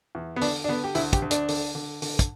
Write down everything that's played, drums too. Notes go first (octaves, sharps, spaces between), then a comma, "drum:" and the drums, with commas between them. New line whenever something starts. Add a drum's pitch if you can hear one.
E2
B3
D3 D4, drum: open hi-hat
D4
D3 B3
G4
D2 E4, drum: open hi-hat
G4, drum: kick, hi-hat
D2
D4, drum: hi-hat
D3, drum: open hi-hat
D3
D3, drum: open hi-hat
drum: kick, hi-hat